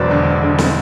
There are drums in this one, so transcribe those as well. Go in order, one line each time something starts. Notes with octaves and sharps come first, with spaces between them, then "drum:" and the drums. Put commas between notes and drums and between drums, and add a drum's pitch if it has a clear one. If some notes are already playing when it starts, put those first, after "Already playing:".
Already playing: E1 E2 F#3 B4 C5 D5
D3
D3
drum: snare